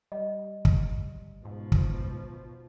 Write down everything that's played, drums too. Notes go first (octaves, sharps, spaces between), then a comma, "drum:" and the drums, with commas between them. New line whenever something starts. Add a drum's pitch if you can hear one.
G3 D#5
drum: kick
G#2 B2 F3
drum: kick